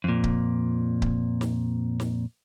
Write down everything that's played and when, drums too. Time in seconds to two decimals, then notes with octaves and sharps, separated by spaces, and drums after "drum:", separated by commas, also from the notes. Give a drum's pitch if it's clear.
0.04 F2 A#2
0.24 drum: kick C#1
1.02 drum: kick C#1
1.41 drum: snare
2.00 drum: snare